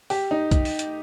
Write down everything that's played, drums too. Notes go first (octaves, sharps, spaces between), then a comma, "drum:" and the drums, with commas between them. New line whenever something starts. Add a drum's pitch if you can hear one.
G4, drum: open hi-hat
D#4
drum: kick, hi-hat
drum: open hi-hat
drum: hi-hat